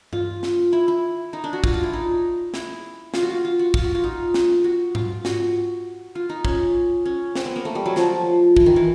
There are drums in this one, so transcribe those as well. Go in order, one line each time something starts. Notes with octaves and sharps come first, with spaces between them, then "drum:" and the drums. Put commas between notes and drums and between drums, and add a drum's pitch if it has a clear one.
F4, drum: tom G2
drum: snare
E4
E4
D#4
D4
F#4
F4, drum: kick
F4
E4
D#4
E4, drum: snare
F4, drum: snare
F#4
F4
F4
F#4
F4, drum: kick
F#4
F4
D#4
drum: snare
F#4
F4, drum: tom G#2
F#4, drum: snare
F4
D#4
C#4, drum: kick
C#4
C4, drum: snare
B3
A#3
A3
G3
F#3
F3, drum: snare
E3, drum: kick
D#3
E3